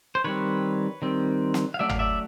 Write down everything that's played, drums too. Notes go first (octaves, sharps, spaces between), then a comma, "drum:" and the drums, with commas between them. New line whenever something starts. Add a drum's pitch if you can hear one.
C5
D#3 G3 C4 B4 C#5
D#3 G3 C4
drum: snare
F5
F#3 A3 C#4 D5 E5
F5, drum: tom G1
D5 E5